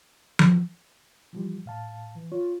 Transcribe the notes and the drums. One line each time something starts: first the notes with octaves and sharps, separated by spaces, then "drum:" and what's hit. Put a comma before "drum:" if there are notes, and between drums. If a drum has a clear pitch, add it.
drum: tom F3
E3 F3 G3
A2 F5 A5
E3
F4 C#5